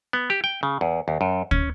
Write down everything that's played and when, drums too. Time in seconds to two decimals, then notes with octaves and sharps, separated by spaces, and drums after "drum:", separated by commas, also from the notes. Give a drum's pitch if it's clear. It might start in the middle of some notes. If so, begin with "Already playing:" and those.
0.13 B3
0.30 G4
0.44 G5
0.63 C#3
0.81 E2
1.08 D#2
1.21 F#2
1.51 C#4, drum: kick D2